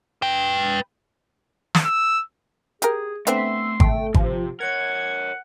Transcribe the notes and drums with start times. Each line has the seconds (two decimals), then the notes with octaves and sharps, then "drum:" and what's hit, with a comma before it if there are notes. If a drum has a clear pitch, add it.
0.22 B4 G5
1.75 drum: snare
1.85 E6
2.82 G4 G#4 A#4, drum: hi-hat
3.27 D3 A3 B3 C4 E5 C6, drum: hi-hat
3.80 A3 G5, drum: kick G#1
4.14 C3 F3 G4, drum: kick G#1
4.60 A#4 C#5 F#5 G#6